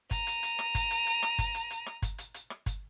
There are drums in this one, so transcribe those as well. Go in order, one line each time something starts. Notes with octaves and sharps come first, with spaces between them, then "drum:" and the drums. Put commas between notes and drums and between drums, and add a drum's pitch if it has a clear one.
A#5 D#7, drum: kick G1, hi-hat
drum: hi-hat
drum: hi-hat
drum: rim click
drum: kick G1, hi-hat
drum: hi-hat
drum: hi-hat
drum: rim click
drum: kick G1, hi-hat
drum: hi-hat
drum: hi-hat
drum: rim click
drum: kick G1, hi-hat
drum: hi-hat
drum: hi-hat
drum: rim click
drum: kick G1, hi-hat